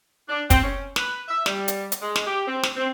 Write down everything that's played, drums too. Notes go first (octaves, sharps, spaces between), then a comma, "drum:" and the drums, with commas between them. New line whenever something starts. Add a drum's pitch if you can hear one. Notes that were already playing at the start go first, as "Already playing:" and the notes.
D4
C4, drum: kick, hi-hat
C#4
B4, drum: snare
E5
G3, drum: snare
drum: hi-hat
drum: hi-hat
G#3
drum: snare
G4
C4
drum: snare
C4